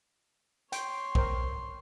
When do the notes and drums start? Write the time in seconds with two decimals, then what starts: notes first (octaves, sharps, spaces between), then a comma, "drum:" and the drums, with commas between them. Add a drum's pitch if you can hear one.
0.72 C#5 G5 C6, drum: hi-hat
1.15 A#4 C5 G5, drum: kick B1